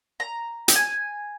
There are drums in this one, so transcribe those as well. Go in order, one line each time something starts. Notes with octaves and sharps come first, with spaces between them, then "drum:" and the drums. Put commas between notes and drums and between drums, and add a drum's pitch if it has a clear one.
A#5
G5, drum: hi-hat
G#5